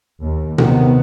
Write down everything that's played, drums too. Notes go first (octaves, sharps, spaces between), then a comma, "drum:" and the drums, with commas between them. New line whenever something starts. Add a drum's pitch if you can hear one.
D#2
C3 D#3 B3, drum: tom A#2